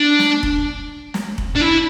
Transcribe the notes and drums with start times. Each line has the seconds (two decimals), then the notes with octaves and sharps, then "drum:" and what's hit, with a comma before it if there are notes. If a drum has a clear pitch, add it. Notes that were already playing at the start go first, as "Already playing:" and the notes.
Already playing: D4
0.19 drum: snare
0.43 drum: kick
1.14 drum: snare
1.38 drum: kick
1.56 D4
1.62 E4